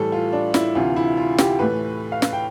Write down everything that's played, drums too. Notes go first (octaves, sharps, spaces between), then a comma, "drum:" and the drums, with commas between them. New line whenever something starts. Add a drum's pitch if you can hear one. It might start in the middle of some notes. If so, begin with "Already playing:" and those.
Already playing: A2 E3 G3 A4
F4
D4
E4, drum: snare
D2 C3 E3 F4
E4
F4
G4, drum: snare
A2 E3 A3 B4
F5
drum: snare
G5